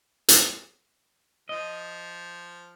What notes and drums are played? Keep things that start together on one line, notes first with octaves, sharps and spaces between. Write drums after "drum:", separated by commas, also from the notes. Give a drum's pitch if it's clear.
drum: hi-hat
F3 D#5